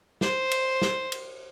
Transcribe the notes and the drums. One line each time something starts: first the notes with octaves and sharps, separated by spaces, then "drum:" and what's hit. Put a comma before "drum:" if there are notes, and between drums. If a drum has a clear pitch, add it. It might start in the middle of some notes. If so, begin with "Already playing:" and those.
C5, drum: snare
drum: cymbal
drum: snare
drum: cymbal